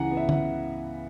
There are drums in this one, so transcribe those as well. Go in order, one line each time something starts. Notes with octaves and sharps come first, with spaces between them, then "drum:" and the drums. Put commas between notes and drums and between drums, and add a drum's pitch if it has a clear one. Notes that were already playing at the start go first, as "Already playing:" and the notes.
Already playing: C#2 C#3 E3 F#5 G#5 A#5
B3
E5
C#3 F#5, drum: tom D3